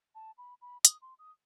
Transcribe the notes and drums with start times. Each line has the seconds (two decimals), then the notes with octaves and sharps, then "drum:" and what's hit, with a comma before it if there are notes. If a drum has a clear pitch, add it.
0.15 A5
0.38 B5
0.61 B5
0.85 D#6, drum: hi-hat
1.02 C6
1.19 D#6